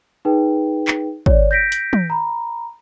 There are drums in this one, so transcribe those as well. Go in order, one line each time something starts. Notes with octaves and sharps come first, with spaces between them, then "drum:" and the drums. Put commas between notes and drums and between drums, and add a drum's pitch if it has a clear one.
D#4 G#4 B4 G5
drum: clap
C#5 D5, drum: kick
G6 A#6 B6 D7
drum: hi-hat
drum: tom
A#5 B5